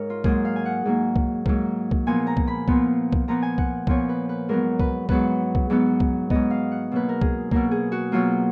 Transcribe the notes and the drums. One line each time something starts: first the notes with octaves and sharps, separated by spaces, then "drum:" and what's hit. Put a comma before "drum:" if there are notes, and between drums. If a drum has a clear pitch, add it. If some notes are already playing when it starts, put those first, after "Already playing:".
Already playing: G#2 A#4 C#5
F4
G#2 F#3 A#3 G#4, drum: kick C2
F5
G#5
F#5
G#2 F#3 A#3
drum: kick C2
G#2 F#3 A#3, drum: kick C2
drum: kick C2
A#2 F3 B3 G#5
A#5
drum: kick C2
B5
A#2 F3 B3, drum: kick C2
drum: kick C2
A#2 F3 B3 A#5
G#5
F#5, drum: kick C2
A#2 F3 B3 C#5, drum: kick C2
B4
B4
G#2 F#3 B3 A#4
B4, drum: kick C2
G#2 F#3 B3 B4, drum: kick C2
drum: kick C2
G#2 F#3 B3
drum: kick C2
G#2 F#3 B3 D#5, drum: kick C2
F5
F#5
B2 F#3 A#3 B4
A#4
G#4, drum: kick C2
B2 F#3 A#3 A#4, drum: kick C2
G#4
F#4
B2 F#3 A#3 F4